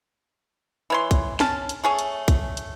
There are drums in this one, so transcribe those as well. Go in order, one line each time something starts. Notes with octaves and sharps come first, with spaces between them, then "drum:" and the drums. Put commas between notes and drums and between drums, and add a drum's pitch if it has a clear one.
E3 C#5 C6
drum: kick, hi-hat
C#4 A5, drum: snare
drum: hi-hat
A3 G#4 C#5
drum: hi-hat
drum: kick, hi-hat
drum: hi-hat